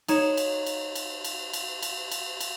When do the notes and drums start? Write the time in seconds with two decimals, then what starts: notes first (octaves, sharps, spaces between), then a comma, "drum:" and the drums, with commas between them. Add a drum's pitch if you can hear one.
0.08 D#4 C#5 E7, drum: cymbal
0.37 drum: cymbal
0.66 drum: cymbal
0.95 drum: cymbal
1.24 drum: cymbal
1.53 drum: cymbal
1.82 drum: cymbal
2.11 drum: cymbal
2.40 drum: cymbal